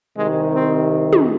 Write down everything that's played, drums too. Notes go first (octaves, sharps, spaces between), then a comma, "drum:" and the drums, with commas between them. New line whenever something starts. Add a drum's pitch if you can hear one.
C2 C3 D#3 G#3
C4
drum: tom